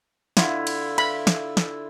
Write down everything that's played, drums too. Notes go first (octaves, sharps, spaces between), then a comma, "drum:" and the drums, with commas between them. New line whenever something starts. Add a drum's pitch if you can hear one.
D3 E4 F4, drum: snare
drum: cymbal
B5, drum: cymbal
drum: snare
drum: snare